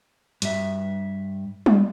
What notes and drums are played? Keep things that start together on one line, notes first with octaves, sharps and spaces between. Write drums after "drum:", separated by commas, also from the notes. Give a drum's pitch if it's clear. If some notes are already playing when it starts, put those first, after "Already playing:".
G2 E5, drum: hi-hat
drum: tom G3